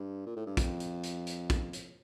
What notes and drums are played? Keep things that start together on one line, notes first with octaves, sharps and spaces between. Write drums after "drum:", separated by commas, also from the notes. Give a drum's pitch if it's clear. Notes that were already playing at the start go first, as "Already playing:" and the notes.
Already playing: G2
A#2
A2
G2
F2, drum: kick, hi-hat
drum: hi-hat
drum: hi-hat
drum: hi-hat
drum: kick, hi-hat
drum: hi-hat